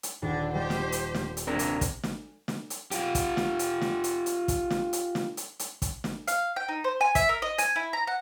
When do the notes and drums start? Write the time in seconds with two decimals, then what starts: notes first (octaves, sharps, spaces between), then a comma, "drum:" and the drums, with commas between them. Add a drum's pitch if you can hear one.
0.03 drum: hi-hat
0.22 D#1 D3 D4 F#5
0.54 G3 G4 C5 D#5 A5
0.70 drum: snare
0.92 drum: hi-hat
1.14 drum: snare
1.37 drum: hi-hat
1.47 C3 A#3 C4 D4 A#4
1.59 drum: hi-hat
1.81 drum: kick, hi-hat
2.03 drum: snare
2.48 drum: snare
2.70 drum: hi-hat
2.91 F4 G4, drum: hi-hat
3.15 drum: kick, hi-hat
3.37 drum: snare
3.59 drum: hi-hat
3.81 drum: snare
4.04 drum: hi-hat
4.26 drum: hi-hat
4.48 drum: kick, hi-hat
4.70 drum: snare
4.93 drum: hi-hat
5.15 drum: snare
5.37 drum: hi-hat
5.59 drum: hi-hat
5.82 drum: kick, hi-hat
6.04 drum: snare
6.27 F5, drum: hi-hat
6.56 G5
6.68 D#4
6.84 C5
7.01 G#5
7.15 E5, drum: kick, hi-hat
7.29 A#4
7.42 D#5
7.58 G#5, drum: hi-hat
7.76 E4
7.93 A#5
8.07 F#5